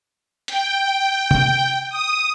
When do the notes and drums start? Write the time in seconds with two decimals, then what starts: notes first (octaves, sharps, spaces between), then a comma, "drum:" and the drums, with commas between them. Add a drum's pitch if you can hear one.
0.48 G5, drum: hi-hat
1.31 drum: tom C3
1.90 D#6